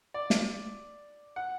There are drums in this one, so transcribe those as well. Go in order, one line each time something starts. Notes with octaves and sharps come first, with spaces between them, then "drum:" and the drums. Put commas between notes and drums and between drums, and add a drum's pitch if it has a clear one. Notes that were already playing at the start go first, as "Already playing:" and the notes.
D5
drum: snare
F#5